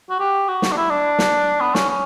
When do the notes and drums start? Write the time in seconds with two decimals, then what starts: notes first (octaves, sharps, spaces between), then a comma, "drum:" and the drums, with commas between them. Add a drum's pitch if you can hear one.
0.10 F#4
0.20 G4
0.48 F#4
0.62 drum: snare
0.71 D4
0.77 E4
0.90 D4
1.19 drum: snare
1.61 B3
1.75 C#4, drum: snare
1.89 C#4